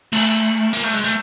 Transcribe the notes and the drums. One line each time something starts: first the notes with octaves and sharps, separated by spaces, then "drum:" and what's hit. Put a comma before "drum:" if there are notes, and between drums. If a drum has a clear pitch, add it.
A3, drum: cymbal
A#3
A3
G#3
A3